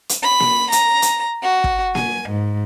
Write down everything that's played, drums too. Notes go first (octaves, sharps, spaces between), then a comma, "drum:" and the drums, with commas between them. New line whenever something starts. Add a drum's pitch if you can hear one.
drum: hi-hat
B5
drum: snare A#3
A#5, drum: hi-hat
drum: hi-hat
F#4
drum: kick
G#5, drum: snare A#3
G#2